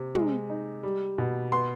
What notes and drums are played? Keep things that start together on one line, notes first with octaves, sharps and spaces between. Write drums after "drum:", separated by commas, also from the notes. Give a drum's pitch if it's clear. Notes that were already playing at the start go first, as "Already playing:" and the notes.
Already playing: C3
G#3, drum: tom
D#4
G3
B2
B3 C6